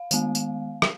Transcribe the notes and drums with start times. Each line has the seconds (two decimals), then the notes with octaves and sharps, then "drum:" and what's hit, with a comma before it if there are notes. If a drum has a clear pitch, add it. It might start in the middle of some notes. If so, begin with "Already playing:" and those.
Already playing: F5
0.11 D#3 G#3 B3, drum: tambourine
0.35 drum: tambourine
0.82 drum: rim click